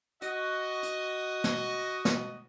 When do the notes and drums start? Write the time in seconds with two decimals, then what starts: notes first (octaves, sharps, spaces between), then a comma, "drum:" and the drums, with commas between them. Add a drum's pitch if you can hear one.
0.22 F#4 D#5, drum: hi-hat
0.83 drum: hi-hat
1.44 drum: snare
2.05 drum: snare